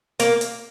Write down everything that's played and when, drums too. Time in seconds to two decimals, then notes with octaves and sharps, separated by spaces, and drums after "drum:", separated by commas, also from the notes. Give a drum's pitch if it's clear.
0.20 A#3, drum: hi-hat
0.41 drum: hi-hat